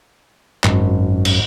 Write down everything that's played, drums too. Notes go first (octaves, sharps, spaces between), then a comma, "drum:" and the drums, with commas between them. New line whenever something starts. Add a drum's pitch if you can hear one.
G#1 F#2, drum: clap
drum: cymbal